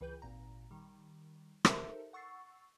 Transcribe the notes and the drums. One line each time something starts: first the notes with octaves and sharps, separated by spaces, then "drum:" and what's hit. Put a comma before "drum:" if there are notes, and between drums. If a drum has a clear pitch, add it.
C#2 E3 B4 G5 G6
G#1 A#2 A#5
D#3 G3
D#4 G4 A4 A#4 C5 E5, drum: rim click
F#5 C#6 E6 A6 C7